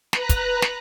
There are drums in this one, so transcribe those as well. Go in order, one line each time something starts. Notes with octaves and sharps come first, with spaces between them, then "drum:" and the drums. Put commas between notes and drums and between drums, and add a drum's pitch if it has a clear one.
B4 A#5 F#6, drum: snare
drum: kick, hi-hat
drum: snare